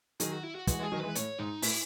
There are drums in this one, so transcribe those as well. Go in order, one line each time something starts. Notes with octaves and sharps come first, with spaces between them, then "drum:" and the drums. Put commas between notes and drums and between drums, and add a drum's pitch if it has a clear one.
D#3 F#3 G#4, drum: hi-hat
F#4
E4
F#4
E3 G#3 F#4, drum: kick, hi-hat
E3 G#3
G#4
D#3 F#3
E3 G#3 B4
A2 C#5, drum: hi-hat
G#2 D#4
A2 E4, drum: open hi-hat